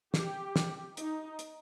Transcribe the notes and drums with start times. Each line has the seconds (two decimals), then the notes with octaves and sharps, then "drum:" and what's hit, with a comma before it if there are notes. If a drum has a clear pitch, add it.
0.14 G4, drum: snare
0.56 drum: snare
0.97 D#4, drum: hi-hat
1.39 drum: hi-hat